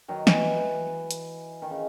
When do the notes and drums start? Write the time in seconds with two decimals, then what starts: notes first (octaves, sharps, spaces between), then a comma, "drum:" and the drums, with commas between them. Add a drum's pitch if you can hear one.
0.08 D#3 F#3
0.27 E3, drum: snare
1.11 drum: hi-hat
1.62 D#3
1.70 C#3